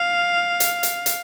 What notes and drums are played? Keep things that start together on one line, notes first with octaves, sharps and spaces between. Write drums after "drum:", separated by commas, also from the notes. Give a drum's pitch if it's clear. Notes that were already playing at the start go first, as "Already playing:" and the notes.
Already playing: F5
drum: hi-hat
drum: hi-hat
drum: hi-hat